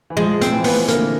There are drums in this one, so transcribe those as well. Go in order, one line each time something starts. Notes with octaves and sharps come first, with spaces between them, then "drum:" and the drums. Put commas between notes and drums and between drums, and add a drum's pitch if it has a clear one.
E3
F3 G#3
C4, drum: hi-hat
E3
B3, drum: open hi-hat
D3 A#3, drum: hi-hat